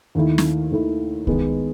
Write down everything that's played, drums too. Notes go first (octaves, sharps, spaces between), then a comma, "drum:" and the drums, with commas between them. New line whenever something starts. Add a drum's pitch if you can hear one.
D#2 D#3 A3 E4
drum: snare
D#2 D#3 A3 E4
D#3 G#3 B3, drum: kick